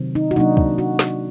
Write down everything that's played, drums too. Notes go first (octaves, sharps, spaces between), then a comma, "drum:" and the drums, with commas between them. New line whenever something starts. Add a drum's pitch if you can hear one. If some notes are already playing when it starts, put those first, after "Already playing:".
Already playing: C3 D#3 F#3 C4
D#4
F#4
C3 F#3 A#3 D4 D#4
drum: kick
F#4
drum: snare